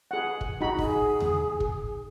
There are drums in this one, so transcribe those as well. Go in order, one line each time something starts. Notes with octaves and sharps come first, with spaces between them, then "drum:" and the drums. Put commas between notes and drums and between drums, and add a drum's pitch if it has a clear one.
G#4 F#5
drum: kick
D#4 F#4 B5
G#4, drum: kick
drum: tom D#2
drum: kick